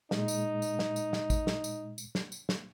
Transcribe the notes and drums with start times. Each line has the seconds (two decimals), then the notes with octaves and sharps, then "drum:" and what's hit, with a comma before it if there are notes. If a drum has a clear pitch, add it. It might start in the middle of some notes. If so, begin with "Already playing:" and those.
0.11 A#2 G#3 D#4, drum: snare
0.28 drum: tambourine
0.62 drum: tambourine
0.79 drum: snare
0.96 drum: tambourine
1.13 drum: snare
1.30 drum: kick A1, tambourine
1.47 drum: snare
1.64 drum: tambourine
1.98 drum: tambourine
2.15 drum: snare
2.32 drum: tambourine
2.49 drum: snare